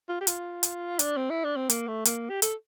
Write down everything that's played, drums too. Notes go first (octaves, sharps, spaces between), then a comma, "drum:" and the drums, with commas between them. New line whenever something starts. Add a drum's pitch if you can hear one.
F4
G4
F4, drum: hi-hat
drum: hi-hat
D4, drum: hi-hat
C4
E4
D4
C4
A#3, drum: hi-hat
A3
A#3, drum: hi-hat
G4
A4, drum: hi-hat